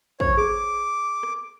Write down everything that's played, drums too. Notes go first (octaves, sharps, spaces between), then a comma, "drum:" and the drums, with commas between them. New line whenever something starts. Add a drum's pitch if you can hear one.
C5 C#5, drum: kick
G#4 D6
drum: rim click